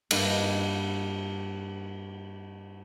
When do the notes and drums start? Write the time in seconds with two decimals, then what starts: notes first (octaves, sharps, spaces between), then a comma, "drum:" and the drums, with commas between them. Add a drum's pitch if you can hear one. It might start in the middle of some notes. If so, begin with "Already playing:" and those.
0.11 G2 A#3 D#5, drum: cymbal